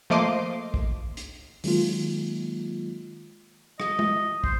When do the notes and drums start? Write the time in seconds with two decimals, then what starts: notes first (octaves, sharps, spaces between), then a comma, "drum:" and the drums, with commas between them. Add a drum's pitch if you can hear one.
0.10 F3 A3 A#3 D#5 C6 D6
0.74 drum: kick
1.17 drum: hi-hat
1.64 D#3 F#3 G#3 A#3 F4, drum: open hi-hat
3.80 D#5, drum: rim click
3.99 drum: tom
4.44 C5, drum: kick